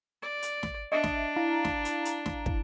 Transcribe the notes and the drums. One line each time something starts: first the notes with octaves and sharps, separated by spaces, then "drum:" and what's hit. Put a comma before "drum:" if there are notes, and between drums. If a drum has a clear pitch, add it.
D5
drum: hi-hat
drum: snare
D4 D#5 E5
drum: snare
E4 F5 A#5
drum: snare
drum: hi-hat
drum: hi-hat
drum: snare
drum: kick